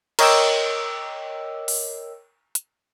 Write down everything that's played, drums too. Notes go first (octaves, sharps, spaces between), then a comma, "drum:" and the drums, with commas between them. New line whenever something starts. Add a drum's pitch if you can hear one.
A#4 C#5 D#5 G5 D6 E6, drum: cymbal
drum: open hi-hat
drum: hi-hat